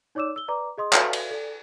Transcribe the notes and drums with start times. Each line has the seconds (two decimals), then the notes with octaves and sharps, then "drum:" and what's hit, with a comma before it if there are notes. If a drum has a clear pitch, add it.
0.15 D#4 C#5 D5 D6 E6 E7
0.36 E6 G7
0.48 B4 D5 A#5 D6
0.78 G#4 D#5 C6 D#6
0.93 F#4 A4 B4 D5 E5 F5, drum: clap
1.13 drum: cymbal
1.30 A4 D5